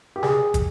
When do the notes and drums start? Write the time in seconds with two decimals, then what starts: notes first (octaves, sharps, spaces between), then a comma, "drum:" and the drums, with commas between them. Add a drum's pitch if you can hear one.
0.16 G4
0.23 G#4, drum: snare
0.54 drum: kick, hi-hat